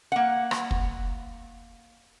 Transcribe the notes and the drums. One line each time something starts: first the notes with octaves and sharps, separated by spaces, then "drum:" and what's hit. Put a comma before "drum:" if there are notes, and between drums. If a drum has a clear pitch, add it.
A#3 F#5
drum: rim click
drum: kick